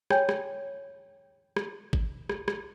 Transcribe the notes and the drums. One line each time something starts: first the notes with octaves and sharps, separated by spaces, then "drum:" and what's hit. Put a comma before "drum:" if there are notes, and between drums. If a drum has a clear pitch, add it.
C#5 G5 G#5 G6, drum: rim click
drum: rim click
drum: rim click
drum: kick G#1
drum: rim click
drum: rim click